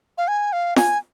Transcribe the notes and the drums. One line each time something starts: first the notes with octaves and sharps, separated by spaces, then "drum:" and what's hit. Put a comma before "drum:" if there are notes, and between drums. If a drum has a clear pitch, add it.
F5
G#5
F5
G#5, drum: snare